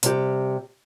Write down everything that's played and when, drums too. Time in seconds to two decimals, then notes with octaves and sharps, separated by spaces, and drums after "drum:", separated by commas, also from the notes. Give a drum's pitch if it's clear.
0.03 C3 G3 G4, drum: hi-hat